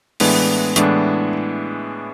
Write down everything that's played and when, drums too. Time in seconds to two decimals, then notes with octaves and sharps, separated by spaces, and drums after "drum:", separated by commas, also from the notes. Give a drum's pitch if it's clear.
0.20 A2 E3 G#3 B3 D4, drum: open hi-hat
0.76 A2 E3 G#3 B3 D4, drum: hi-hat